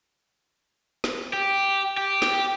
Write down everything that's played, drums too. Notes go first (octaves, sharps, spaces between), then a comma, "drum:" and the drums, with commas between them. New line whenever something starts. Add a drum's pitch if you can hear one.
drum: snare
G4
G4
drum: snare